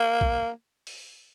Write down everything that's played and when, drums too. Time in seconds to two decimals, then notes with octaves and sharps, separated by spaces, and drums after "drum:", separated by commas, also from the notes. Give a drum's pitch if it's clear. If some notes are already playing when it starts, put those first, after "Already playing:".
Already playing: A#3
0.21 drum: kick B1
0.87 drum: open hi-hat